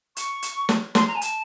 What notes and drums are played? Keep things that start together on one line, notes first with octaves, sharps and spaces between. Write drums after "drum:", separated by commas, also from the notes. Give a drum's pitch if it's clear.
C#6, drum: hi-hat
drum: hi-hat
drum: snare
C6, drum: snare
A#5
G#5
A5, drum: hi-hat